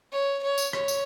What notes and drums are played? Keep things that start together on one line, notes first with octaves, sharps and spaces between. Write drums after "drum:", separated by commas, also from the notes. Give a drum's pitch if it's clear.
C#5
C#5
drum: tambourine
C#5, drum: rim click
drum: tambourine